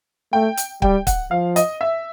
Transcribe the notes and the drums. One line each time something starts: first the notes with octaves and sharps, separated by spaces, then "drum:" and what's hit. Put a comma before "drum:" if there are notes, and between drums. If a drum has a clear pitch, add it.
A3 G5
drum: hi-hat
G3 G5, drum: kick
F#5, drum: kick, hi-hat
F3 F5
D#5, drum: hi-hat
E5